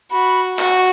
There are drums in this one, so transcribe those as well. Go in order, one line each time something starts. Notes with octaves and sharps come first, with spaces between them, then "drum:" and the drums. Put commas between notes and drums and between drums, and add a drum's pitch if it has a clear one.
F#4 B5
F#4, drum: clap